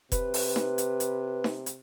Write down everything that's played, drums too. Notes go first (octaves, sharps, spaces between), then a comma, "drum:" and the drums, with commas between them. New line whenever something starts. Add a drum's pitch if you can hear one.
C3 B4, drum: kick F1, hi-hat
drum: open hi-hat
drum: snare D#4
drum: hi-hat
drum: hi-hat
drum: snare D#4
drum: hi-hat